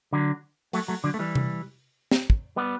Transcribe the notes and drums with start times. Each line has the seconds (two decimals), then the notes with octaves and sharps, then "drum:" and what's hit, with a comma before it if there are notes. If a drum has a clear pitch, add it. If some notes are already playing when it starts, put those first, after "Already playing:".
0.13 D3 F#3
0.73 F#3 A3, drum: open hi-hat
0.88 F#3 A3
1.04 D3 F#3
1.14 A3
1.19 E3 G3
1.35 drum: tom C3
2.11 drum: snare
2.30 drum: kick
2.56 G3 B3